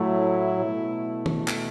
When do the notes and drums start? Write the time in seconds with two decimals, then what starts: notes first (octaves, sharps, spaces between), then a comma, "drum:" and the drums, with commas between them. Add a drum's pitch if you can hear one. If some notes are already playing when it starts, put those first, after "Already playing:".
Already playing: A2 F#3 A3 E4
0.60 B2 A3
1.26 drum: tom D#3
1.48 drum: clap